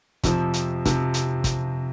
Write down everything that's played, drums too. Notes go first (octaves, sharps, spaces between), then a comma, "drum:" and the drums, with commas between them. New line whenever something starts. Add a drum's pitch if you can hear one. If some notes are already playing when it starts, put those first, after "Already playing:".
F2 C3 F3, drum: kick, hi-hat
drum: hi-hat
C3 F3, drum: kick, hi-hat
drum: hi-hat
drum: kick, hi-hat